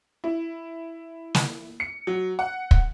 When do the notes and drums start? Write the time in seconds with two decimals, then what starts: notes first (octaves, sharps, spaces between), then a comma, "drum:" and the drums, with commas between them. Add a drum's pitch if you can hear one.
0.24 E4
1.35 drum: snare
1.80 C#7
2.07 F#3
2.39 F#5
2.71 drum: kick